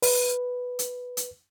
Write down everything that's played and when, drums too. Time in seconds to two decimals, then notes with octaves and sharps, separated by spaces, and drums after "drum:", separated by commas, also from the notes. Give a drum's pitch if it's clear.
0.02 B4, drum: open hi-hat
0.79 drum: hi-hat
1.17 drum: hi-hat